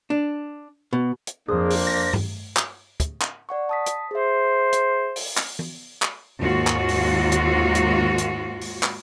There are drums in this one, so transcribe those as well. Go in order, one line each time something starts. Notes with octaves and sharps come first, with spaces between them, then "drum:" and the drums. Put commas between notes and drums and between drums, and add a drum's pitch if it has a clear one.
D4
B2
drum: hi-hat
F2 A#3 D4 G#4 C5
drum: open hi-hat
A#6
drum: tom G2
drum: clap
drum: kick, hi-hat
drum: clap
D5 F#5 C#6
A5 D#6 B6
drum: hi-hat
G#4 C5 E5
drum: hi-hat
drum: open hi-hat
drum: clap
drum: tom
drum: clap
D#2 G#2 F4 F#4
drum: clap
drum: open hi-hat
drum: hi-hat
drum: hi-hat
drum: hi-hat
drum: open hi-hat
drum: clap